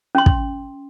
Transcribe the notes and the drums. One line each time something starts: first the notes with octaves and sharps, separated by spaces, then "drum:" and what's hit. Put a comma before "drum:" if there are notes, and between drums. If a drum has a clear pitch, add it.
C#4 C6
drum: kick